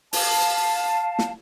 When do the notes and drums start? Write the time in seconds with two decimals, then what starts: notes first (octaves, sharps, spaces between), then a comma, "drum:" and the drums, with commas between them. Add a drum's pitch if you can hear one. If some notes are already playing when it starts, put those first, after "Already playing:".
0.13 F5 A5, drum: open hi-hat
1.19 drum: snare